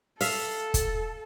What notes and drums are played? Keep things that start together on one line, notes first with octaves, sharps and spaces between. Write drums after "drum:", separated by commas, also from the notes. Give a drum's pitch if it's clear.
A4 E5 F5, drum: open hi-hat
drum: kick, hi-hat